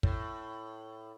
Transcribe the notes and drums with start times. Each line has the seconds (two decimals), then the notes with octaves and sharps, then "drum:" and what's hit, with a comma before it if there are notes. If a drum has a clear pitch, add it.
0.03 A2, drum: kick